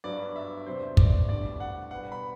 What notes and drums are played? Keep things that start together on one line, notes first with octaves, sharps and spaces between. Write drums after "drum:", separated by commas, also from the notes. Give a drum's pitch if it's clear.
G2 F#3 B3 D4 D5
E5
E2 C3 F#3 C5
D5, drum: kick
A2 G3 D4 D5
F#5
B2 G3 B3 F#5
B5